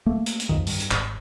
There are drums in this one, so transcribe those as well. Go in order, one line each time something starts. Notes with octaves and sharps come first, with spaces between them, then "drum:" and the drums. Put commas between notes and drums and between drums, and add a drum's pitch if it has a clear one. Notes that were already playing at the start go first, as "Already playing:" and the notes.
A3 A#3
drum: hi-hat
drum: hi-hat
B1 F2 D#3
G2, drum: open hi-hat
drum: hi-hat
G#1, drum: clap